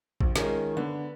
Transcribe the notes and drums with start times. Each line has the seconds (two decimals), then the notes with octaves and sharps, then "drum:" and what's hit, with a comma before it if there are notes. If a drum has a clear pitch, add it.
0.21 A#1, drum: kick
0.36 D#3 G#3 C#4 F4, drum: snare
0.77 D3 B3